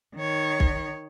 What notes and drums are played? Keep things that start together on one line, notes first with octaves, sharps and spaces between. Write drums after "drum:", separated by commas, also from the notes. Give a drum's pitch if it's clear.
D#3 C#5
drum: kick B1